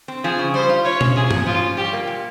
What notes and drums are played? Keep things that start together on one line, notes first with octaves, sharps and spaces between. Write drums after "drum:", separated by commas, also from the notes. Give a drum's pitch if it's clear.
C4
F3 G#4
C#3
G3 C5
F4
F4 C#5
C#4, drum: tom B2
C3 G#4
F3, drum: tom G2
F3 F4
C#4
G3 G4
A#3
A#2